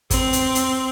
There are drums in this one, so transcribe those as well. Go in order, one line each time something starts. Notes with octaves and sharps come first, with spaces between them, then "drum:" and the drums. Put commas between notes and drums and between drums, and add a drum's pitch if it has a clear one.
C4, drum: kick, hi-hat
drum: hi-hat
drum: hi-hat